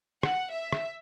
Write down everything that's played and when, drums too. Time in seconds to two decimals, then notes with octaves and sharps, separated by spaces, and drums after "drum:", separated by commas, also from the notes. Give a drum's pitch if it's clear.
0.23 F#5, drum: rim click
0.53 E5
0.72 drum: rim click